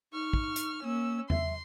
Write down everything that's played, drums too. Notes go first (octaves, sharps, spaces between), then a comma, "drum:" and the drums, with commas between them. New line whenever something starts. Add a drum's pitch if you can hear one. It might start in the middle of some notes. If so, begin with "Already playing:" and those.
D#4 C#6 F6
drum: kick
drum: hi-hat
A#3 C#4 E6
E5 C6, drum: tom E2